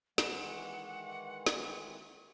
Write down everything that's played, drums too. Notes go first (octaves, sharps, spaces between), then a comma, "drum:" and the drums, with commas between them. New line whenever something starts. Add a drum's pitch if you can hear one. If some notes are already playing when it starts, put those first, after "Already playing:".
D#3 E3 G#3 F#5 E7, drum: snare
drum: snare